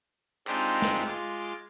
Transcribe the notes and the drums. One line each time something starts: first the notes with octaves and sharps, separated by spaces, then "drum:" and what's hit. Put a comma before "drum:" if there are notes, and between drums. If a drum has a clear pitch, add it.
G#3 C4 D4 D#4 F4 G4, drum: clap
drum: snare
G#3 F4 D6